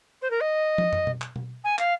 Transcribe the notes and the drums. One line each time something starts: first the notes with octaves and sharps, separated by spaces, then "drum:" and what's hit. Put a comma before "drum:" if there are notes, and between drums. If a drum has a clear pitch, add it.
C5
A#4
D#5
drum: tom
drum: tom
drum: tom B2
drum: clap
drum: tom B2
G#5
F5, drum: clap